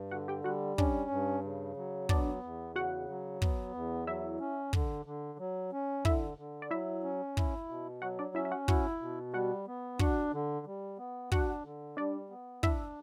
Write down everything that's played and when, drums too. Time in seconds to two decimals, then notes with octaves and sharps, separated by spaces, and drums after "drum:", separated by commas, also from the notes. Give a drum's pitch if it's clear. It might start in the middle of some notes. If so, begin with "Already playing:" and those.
Already playing: G2
0.11 D3 F#4 F#5
0.28 G4 G5
0.44 G3 F#4 F#5
0.78 C#4 D4 D5, drum: kick
1.11 G2
1.44 C#3
1.77 F#3
2.09 B3 D4 D5, drum: kick
2.43 E2
2.75 C#3 F#4 F#5
3.09 F#3
3.42 B3, drum: kick
3.74 E2
4.07 F#3 E4 E5
4.40 C#4
4.73 D3, drum: kick
5.06 D3
5.39 F#3
5.72 C#4
6.05 D3 E4 E5, drum: kick
6.38 D3
6.62 D5
6.71 F#3 E4 E5
7.03 C#4
7.37 E4, drum: kick
7.69 B2
8.02 F#3 F#4 F#5
8.19 D4 D5
8.35 C#4 E4 E5
8.45 E5
8.51 F#4 F#5
8.68 E4 F#4 F#5, drum: kick
9.01 B2
9.34 G3 F#4 F#5
9.68 B3
9.99 D4 F#4 F#5, drum: kick
10.33 D3
10.66 G3
10.98 B3
11.32 D4 F#4 F#5, drum: kick
11.64 D3
11.97 G3 D4 D5
12.30 B3
12.63 D4 E4 E5, drum: kick